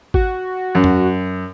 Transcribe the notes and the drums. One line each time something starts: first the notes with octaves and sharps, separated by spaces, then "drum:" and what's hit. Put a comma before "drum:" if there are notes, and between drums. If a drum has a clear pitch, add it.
F#4, drum: kick G#1
F#2
drum: tom E2